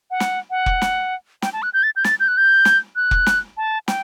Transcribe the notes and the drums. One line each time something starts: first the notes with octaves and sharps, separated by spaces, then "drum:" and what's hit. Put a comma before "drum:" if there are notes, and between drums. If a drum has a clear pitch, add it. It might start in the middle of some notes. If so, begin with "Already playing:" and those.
F#5
drum: snare
F#5
drum: kick F1
drum: snare
G5, drum: snare
A5
F#6
G6
A6
G6
A6, drum: snare
G6
F#6
G6
drum: snare
F#6
drum: kick F1
drum: snare
A5
G5, drum: snare